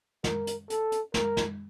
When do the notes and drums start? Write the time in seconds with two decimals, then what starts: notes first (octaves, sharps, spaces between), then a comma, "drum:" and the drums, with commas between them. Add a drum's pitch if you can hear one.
0.24 A#4, drum: snare
0.47 drum: hi-hat
0.70 A4, drum: hi-hat
0.92 drum: hi-hat
1.14 A#4, drum: snare
1.37 drum: snare